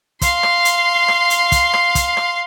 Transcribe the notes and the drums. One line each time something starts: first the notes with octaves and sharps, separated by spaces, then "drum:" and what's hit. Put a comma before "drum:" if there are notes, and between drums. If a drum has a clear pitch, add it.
F5 C6, drum: kick, hi-hat
drum: rim click
drum: hi-hat
drum: rim click
drum: hi-hat
drum: kick, hi-hat
drum: rim click
drum: kick, hi-hat
drum: rim click